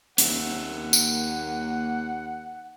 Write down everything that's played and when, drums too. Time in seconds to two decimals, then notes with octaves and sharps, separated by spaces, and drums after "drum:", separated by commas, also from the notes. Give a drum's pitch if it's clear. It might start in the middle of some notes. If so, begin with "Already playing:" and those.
0.18 D#2 A#3 E5 F#5, drum: hi-hat
0.93 drum: tambourine